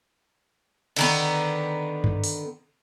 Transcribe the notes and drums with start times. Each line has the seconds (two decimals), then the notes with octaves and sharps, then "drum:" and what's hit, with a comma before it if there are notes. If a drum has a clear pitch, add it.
0.96 D3 D#3 B3, drum: cymbal
2.04 drum: tom G2
2.24 drum: open hi-hat